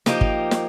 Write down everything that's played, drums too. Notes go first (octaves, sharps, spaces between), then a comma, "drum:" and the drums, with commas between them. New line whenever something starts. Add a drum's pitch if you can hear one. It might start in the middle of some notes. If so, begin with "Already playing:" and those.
F3 A#3 D#4 G4, drum: snare
drum: kick
drum: snare